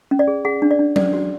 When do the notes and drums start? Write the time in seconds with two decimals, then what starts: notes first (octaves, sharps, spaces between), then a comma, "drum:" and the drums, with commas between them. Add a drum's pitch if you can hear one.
0.11 C#4
0.19 D5
0.28 G#4
0.45 G#4 F#5
0.62 D4
0.71 D5
0.79 D4
0.96 C#4 D5, drum: tom F#3
1.13 F#4